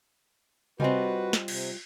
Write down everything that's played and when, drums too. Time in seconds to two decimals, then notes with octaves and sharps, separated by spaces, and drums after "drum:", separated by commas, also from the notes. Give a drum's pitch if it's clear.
0.80 G3 C4 F4 F#4 B4 D#5 G#5, drum: tom C3
1.33 drum: snare
1.48 C3, drum: cymbal